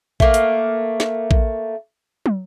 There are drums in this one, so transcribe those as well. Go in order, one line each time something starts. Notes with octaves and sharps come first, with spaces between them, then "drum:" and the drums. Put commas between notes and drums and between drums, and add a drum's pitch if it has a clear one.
A3 A#3, drum: kick A#1
drum: hi-hat
drum: snare
drum: kick A#1
drum: tom